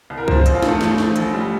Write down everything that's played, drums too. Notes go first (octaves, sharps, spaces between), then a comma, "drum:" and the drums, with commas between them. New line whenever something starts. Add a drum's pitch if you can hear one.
C2
A#4
F3 C5, drum: kick C2
C5
A1, drum: hi-hat
F4
G2, drum: snare
A3
A1, drum: snare
F3, drum: snare
A1, drum: hi-hat
G3